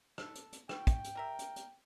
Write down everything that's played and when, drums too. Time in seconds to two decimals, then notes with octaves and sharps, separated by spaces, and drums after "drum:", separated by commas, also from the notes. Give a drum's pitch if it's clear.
0.18 A4, drum: rim click
0.35 drum: hi-hat
0.53 drum: hi-hat
0.69 F#4 G5, drum: rim click
0.87 drum: kick, hi-hat
1.04 drum: hi-hat
1.15 G3 A#4 E5
1.39 drum: hi-hat
1.56 drum: hi-hat